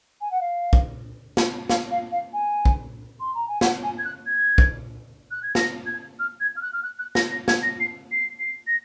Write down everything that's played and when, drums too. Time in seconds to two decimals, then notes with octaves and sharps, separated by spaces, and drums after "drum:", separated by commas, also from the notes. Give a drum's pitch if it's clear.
0.21 G#5
0.31 F#5
0.41 F5
0.73 drum: kick
1.37 drum: snare
1.69 F5, drum: snare
1.91 F5
2.12 F5
2.33 G#5
2.65 drum: kick
3.20 C6
3.35 A#5
3.48 G#5
3.61 F#5, drum: snare
3.83 G#5
3.98 G#6
4.04 F#6
4.26 G#6
4.58 drum: kick
5.31 F#6
5.43 G#6
5.55 A#6, drum: snare
5.86 G#6
6.19 F6
6.40 G#6
6.56 F6
6.62 F#6
6.73 F6
6.83 F#6
6.99 F#6
7.15 A#6, drum: snare
7.31 A#6
7.48 G#6, drum: snare
7.63 A#6
7.80 C7
8.11 C7
8.39 C7
8.67 A#6